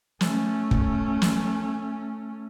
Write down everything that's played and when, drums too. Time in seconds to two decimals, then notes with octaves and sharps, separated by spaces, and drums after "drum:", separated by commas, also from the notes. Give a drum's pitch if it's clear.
0.21 A3 C#4, drum: snare
0.71 drum: kick
1.22 drum: snare